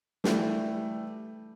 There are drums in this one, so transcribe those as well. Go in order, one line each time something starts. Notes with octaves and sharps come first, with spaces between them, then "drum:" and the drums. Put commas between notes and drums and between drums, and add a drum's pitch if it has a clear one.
E3 G3 A3, drum: snare